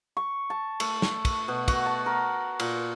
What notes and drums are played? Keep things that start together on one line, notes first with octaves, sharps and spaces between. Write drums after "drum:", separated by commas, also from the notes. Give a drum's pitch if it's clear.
C#6
A5
A3, drum: cymbal
drum: snare
drum: kick, cymbal
B2
F#4, drum: kick, cymbal
A5
A#4
A#2, drum: cymbal